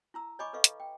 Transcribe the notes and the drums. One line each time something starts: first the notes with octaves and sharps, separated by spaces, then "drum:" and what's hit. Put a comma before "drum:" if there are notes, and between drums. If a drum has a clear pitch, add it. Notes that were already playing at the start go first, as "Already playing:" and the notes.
E4 A#5 E6
C#5 D#5 G#5 B5 C#6 D6
A4 B4 D#5 F5 C#6
drum: hi-hat
G5